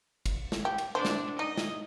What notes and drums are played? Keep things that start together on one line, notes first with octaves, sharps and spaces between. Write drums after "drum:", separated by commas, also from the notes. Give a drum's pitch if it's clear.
drum: kick, cymbal
drum: snare
G4
drum: cymbal
D4 C5
drum: snare
D#4 D#5
drum: snare